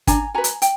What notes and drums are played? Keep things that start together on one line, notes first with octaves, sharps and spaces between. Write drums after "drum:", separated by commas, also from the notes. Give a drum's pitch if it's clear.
D4 G#5 A#5, drum: kick, hi-hat
F#4 B4 G#5 A#5
drum: hi-hat
G5, drum: hi-hat